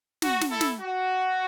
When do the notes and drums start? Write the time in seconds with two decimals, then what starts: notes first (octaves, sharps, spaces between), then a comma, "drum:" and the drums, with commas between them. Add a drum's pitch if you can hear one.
0.22 F#4, drum: snare
0.41 drum: snare
0.51 E4 A4
0.61 drum: snare
0.81 F#4